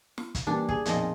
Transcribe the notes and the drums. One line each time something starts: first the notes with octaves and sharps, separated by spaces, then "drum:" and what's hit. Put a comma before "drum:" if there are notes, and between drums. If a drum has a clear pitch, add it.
drum: snare
drum: kick, hi-hat
E3 G3 A#3 D4
G#4, drum: kick
B1 F2 A#2 F3 D#5, drum: hi-hat